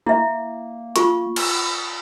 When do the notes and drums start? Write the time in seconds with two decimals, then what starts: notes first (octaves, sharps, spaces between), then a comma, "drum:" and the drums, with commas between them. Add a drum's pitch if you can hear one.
0.06 A#3 E4 E5
0.96 F4 C#6, drum: hi-hat
1.36 drum: cymbal